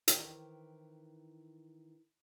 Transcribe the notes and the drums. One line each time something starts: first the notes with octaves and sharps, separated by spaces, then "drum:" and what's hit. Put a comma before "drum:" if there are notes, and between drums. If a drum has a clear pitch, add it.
D#3 E3 C4, drum: hi-hat